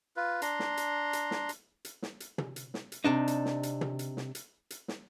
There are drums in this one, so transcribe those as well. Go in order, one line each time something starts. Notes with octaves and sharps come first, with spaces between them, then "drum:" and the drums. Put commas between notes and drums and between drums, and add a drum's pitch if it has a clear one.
F4 B4
D4 A#5 C6, drum: hi-hat
drum: snare
drum: hi-hat
drum: hi-hat
drum: snare
drum: hi-hat
drum: hi-hat
drum: snare
drum: hi-hat
drum: tom
drum: hi-hat
drum: snare
drum: hi-hat
C3 D4 D#4
drum: hi-hat
drum: snare
drum: hi-hat
drum: tom
drum: hi-hat
drum: snare
drum: hi-hat
drum: hi-hat
drum: snare